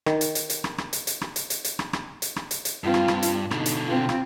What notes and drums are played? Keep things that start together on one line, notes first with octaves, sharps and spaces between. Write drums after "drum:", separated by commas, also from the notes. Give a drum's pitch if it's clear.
D#3, drum: rim click
drum: hi-hat
drum: hi-hat
drum: hi-hat
drum: rim click
drum: rim click
drum: hi-hat
drum: hi-hat
drum: rim click
drum: hi-hat
drum: hi-hat
drum: hi-hat
drum: rim click
drum: rim click
drum: hi-hat
drum: rim click
drum: hi-hat
drum: hi-hat
G2 C4 F4
drum: rim click
drum: rim click
drum: hi-hat
B2 D3 D#4, drum: rim click
drum: hi-hat
C4 F4
drum: rim click